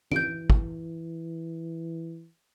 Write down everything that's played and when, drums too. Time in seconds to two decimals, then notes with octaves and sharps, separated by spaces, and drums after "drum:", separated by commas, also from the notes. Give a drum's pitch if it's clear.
0.12 E3 G6 D7, drum: tom
0.50 drum: kick